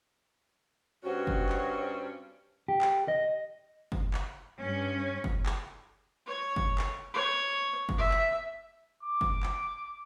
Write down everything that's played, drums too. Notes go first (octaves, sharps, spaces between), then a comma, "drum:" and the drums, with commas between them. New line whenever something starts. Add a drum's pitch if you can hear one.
G2 C4 C#4 F#4
drum: kick F#1
drum: clap
G4
drum: clap
D#5
drum: kick F#1
drum: clap
G2 C#4
drum: kick F#1
drum: clap
C#5
drum: kick F#1
drum: clap
C#5
drum: kick F#1
E5
drum: clap
D6
drum: kick F#1
drum: clap